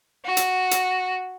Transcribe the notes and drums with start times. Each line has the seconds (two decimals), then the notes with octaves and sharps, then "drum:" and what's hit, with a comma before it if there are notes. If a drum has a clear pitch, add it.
0.25 F#4
0.37 drum: hi-hat
0.71 drum: hi-hat